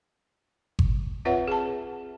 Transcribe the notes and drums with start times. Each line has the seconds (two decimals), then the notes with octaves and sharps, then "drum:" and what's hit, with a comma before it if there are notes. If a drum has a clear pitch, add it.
0.79 drum: kick G1
1.25 C4 F4 B4 C#5 E5 F#5
1.48 G#4 A5